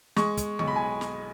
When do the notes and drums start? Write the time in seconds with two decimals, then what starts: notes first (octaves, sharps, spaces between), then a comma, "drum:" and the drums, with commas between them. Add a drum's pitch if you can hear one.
0.17 G#3 C#6, drum: snare
0.38 drum: kick, hi-hat
0.59 B1 C#6, drum: tom C#3
0.68 B5
0.76 G#5
1.01 drum: snare